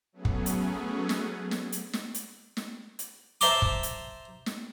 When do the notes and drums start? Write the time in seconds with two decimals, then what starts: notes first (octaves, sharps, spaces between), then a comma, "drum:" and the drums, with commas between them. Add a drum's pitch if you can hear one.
0.13 F#3 A3 B3 C#4 G#4
0.25 drum: kick
0.46 drum: hi-hat
1.09 drum: snare
1.51 drum: snare
1.72 drum: hi-hat
1.93 drum: snare
2.14 drum: hi-hat
2.57 drum: snare
2.99 drum: hi-hat
3.41 C5 E5 A5 A#5 C6 D6, drum: hi-hat
3.62 drum: kick
3.83 drum: hi-hat
4.46 drum: snare